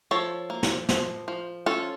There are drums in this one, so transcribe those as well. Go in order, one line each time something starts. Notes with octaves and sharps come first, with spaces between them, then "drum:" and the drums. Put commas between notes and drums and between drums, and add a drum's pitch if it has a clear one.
F3 A4 C#5
A#3
drum: snare
F3, drum: snare
F3
C#4 F4 A4